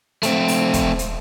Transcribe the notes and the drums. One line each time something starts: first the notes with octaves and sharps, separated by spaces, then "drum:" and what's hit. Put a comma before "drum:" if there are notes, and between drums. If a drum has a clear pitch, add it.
A3 C4, drum: hi-hat
drum: open hi-hat
drum: kick, hi-hat
drum: hi-hat